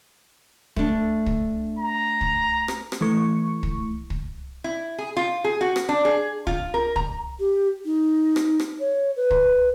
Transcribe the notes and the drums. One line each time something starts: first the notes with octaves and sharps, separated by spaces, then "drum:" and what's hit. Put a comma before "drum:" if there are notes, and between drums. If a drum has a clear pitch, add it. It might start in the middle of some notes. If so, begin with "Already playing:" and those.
A3 D4, drum: kick
drum: kick
A#5
drum: kick
drum: rim click
drum: rim click
E3 A3 C#6
drum: kick
drum: kick
E4
G#4
F4
G#4
F#4
drum: rim click
D4
G#4
F4, drum: kick
A#4
A#5, drum: kick
G4
D#4
drum: rim click
drum: rim click
C#5
B4
drum: kick